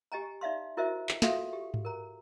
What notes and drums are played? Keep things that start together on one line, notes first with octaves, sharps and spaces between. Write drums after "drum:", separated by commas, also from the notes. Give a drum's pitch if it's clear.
G4 D#5 G#5 A#5
D#4 D5 E5 F5 C6
E4 F#4 A#4 C5 D#5 E5
drum: clap
F4 F#4 A4 E5 F5 C6, drum: snare
G4
drum: tom G#2
A#4 A#5